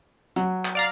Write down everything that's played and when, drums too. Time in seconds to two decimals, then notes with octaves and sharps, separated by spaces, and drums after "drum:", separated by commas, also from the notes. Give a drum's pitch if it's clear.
0.36 F#3, drum: hi-hat
0.65 drum: clap
0.75 D5 F5 A#5